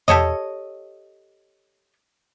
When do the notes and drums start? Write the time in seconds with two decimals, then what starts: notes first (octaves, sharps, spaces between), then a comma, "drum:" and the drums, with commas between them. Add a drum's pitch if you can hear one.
0.08 G4 A4 C#5 D#5, drum: tom E2